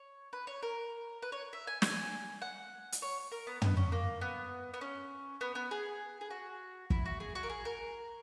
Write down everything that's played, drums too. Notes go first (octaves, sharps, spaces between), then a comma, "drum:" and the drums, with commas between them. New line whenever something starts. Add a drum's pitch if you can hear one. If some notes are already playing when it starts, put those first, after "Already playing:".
Already playing: C#5
B4
C#5
A#4
B4
C#5
E5
G#5
G#5, drum: snare
F#5
drum: hi-hat
C#5
A#4
B3
B3, drum: tom
C#4
A#3
B3
B3
C#4
B3
B3
G#4
G#4
F#4
E4, drum: kick
F#4
G#4
F#4
A#4
G#4
A#4